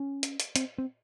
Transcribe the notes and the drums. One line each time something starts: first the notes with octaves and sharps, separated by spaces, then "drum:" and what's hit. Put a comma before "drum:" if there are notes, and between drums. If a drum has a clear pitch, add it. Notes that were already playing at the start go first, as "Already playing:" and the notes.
Already playing: C#4
drum: hi-hat
drum: hi-hat
C4, drum: hi-hat
C4